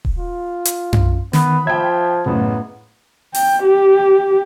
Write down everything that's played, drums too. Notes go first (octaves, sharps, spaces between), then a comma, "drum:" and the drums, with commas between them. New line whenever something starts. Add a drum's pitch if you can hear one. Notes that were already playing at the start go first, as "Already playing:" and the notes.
drum: kick D#1
F4
drum: hi-hat
drum: tom F#2
D#3 B3 B5, drum: snare
F3 E5 G5 G#6
A1 F#2 C#3 B3
G5, drum: open hi-hat
G4